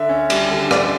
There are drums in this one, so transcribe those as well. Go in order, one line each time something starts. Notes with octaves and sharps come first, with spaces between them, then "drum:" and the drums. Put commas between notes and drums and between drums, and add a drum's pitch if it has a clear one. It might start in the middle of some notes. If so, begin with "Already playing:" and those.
Already playing: D3 E5
C#4
G3, drum: cymbal
D3
D3 D5, drum: rim click